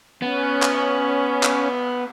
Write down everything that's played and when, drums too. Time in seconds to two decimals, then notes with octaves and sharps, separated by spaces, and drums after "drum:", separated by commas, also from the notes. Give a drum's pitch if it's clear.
0.22 B3 C#4
0.62 drum: clap
1.43 drum: clap